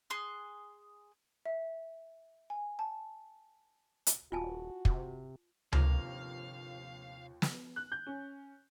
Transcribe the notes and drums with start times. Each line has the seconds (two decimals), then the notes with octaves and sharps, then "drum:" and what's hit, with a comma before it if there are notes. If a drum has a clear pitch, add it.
0.10 G#4 C6 F#6
1.46 E5
2.50 G#5
2.79 A5
4.07 drum: hi-hat
4.32 D#1 F4 F#4 G#5 A5
4.85 C3, drum: kick
5.73 G1 D#2 C3 F3 A#3 F5, drum: tom C#2
7.42 drum: snare
7.76 F#6
7.92 G6
8.07 C#4